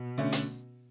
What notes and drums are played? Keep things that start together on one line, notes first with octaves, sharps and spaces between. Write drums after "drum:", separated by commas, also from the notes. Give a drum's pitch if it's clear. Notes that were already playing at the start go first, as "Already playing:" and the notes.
Already playing: B2
D3 A3 C#4
drum: hi-hat